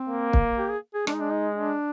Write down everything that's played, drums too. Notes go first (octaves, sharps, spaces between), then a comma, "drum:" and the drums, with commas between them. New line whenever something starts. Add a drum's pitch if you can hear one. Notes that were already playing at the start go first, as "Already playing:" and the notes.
Already playing: C4
A#3
drum: kick
G4
G#4
G#4
G#3 D4, drum: rim click
D#4
D4
D#4
D4